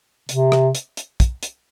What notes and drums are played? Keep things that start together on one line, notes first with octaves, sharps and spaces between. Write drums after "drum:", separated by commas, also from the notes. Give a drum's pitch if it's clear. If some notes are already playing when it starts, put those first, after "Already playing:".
C3, drum: hi-hat
drum: rim click
drum: hi-hat
drum: hi-hat
drum: kick, hi-hat
drum: hi-hat